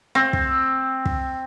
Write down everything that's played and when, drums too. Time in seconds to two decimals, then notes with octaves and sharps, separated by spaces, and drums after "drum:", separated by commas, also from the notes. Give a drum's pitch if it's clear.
0.15 C4
0.33 drum: kick
1.06 drum: kick